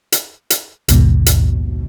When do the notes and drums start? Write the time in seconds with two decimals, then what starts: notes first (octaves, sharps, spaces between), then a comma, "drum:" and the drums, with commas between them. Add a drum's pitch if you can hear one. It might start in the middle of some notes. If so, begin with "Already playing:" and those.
0.12 drum: hi-hat
0.50 drum: hi-hat
0.88 A#1 D#2 G#2 B2, drum: hi-hat
1.26 drum: hi-hat